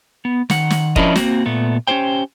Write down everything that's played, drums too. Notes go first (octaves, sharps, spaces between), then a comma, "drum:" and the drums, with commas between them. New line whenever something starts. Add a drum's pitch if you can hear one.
B3
D#3 F#5, drum: snare
drum: snare
F3 C#4 D4 E4 A#4 D#5, drum: kick F1
A#3 C4 F#4, drum: snare
A#2 A3 B3
C#4 D#4 G4 C5 G5